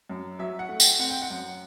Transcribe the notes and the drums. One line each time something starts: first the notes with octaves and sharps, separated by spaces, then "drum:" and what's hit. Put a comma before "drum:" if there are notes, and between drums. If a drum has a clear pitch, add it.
F#2
F#3 E5
F#5
A3
G5, drum: tambourine
C4 F#5
G5
F#5
F#2